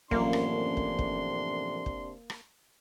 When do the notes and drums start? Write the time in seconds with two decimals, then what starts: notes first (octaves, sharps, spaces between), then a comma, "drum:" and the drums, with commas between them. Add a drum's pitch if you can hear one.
0.11 A1 F#2 C3 F3 A#3 D4 C6, drum: kick
0.33 drum: rim click
0.77 drum: kick
0.99 drum: kick
1.86 drum: kick
2.30 drum: rim click